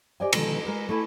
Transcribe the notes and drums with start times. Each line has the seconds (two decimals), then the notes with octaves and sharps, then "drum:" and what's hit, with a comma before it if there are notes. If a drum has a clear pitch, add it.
0.20 G4 C5 D5 D#5 G#5
0.33 B2 D3 D#3 F3 G#3, drum: cymbal
0.65 G#3 A#4 B4
0.89 A3 E4 G#5